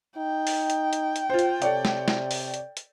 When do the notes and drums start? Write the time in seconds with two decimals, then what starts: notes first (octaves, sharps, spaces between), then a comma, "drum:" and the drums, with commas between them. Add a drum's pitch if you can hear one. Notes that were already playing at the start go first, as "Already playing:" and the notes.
0.17 D#4 G5
0.47 drum: open hi-hat
0.70 drum: hi-hat
0.93 drum: hi-hat
1.16 drum: hi-hat
1.30 F4 C5
1.39 drum: hi-hat
1.62 C3 A4 C#5 D5, drum: hi-hat
1.85 drum: snare
2.08 drum: snare
2.31 drum: open hi-hat
2.54 drum: hi-hat
2.77 drum: hi-hat